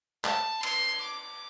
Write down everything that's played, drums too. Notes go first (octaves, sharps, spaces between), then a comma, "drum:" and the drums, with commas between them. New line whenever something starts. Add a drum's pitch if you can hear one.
A5, drum: clap
C6, drum: cymbal
D6